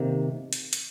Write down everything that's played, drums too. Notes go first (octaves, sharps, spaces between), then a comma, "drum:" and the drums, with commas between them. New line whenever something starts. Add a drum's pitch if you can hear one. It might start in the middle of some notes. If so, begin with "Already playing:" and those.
Already playing: C3 D#3 A#3
drum: hi-hat
drum: hi-hat